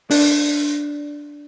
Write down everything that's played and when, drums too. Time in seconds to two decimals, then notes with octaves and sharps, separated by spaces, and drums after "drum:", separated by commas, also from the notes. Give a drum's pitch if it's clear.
0.11 D4, drum: open hi-hat